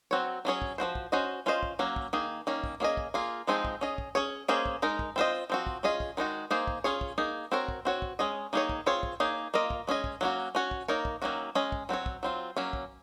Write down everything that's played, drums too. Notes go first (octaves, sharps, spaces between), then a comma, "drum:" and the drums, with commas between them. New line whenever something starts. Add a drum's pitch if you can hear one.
F#3 C4 F#4 C#5
F#3 C#4 G#4 C#5
drum: kick
F3 C4 F#4 C5
drum: kick
C#4 F#4 C5 D#5
C#4 F4 C5 D#5
drum: kick
F#3 A#3 C#4
drum: kick
D#3 A#3 D#4 G#4
D#3 A#3 C#4
drum: kick
A#3 C#4 G#4 D#5
drum: kick
A#3 F4 G#4
F3 G#3 C4 D#4 G#4
drum: kick
C#4 G#4 D#5
drum: kick
C#4 G#4 C#5
A#3 C#4 G#4 C5 D#5
drum: kick
G#3 D#4 A#4
drum: kick
C4 F4 C5 D#5
F3 C4 F#4
drum: kick
C#4 F4 G#4 D#5
drum: kick
D#3 G#3 D#4 F#4
A#3 D#4 G#4 C5
drum: kick
C#4 F4 G#4 C#5
drum: kick
A#3 D#4 G#4
C4 F#4 A#4 C#5
drum: kick
C4 F#4 C#5
drum: kick
G#3 C#4 G#4 D#5
D#3 A#3 D#4 G#4 C#5
drum: kick
C4 F4 G#4 C#5
drum: kick
A#3 D#4 G#4 C#5
A#3 F4 A#4 D#5
drum: kick
G#3 C#4 G#4 D#5
drum: kick
F#3 A#3 C#4 F#4
C#4 F#4 C#5
drum: kick
A#3 D#4 A#4 C#5
drum: kick
D#3 F#3 A#3 C#4 F#4
G#3 C#4 G#4 D#5
drum: kick
F#3 C4 F#4 C#5
drum: kick
F#3 C4 F4
F#3 A#3 C#4
drum: kick